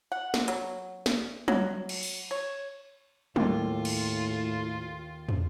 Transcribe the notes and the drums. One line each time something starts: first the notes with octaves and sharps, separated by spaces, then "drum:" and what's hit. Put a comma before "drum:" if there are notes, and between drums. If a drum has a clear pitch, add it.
F#5
drum: snare
F#3, drum: hi-hat
drum: snare
F#3, drum: tom
drum: cymbal
drum: open hi-hat
C#5
D#2 A2 F4, drum: tom
drum: cymbal
drum: tom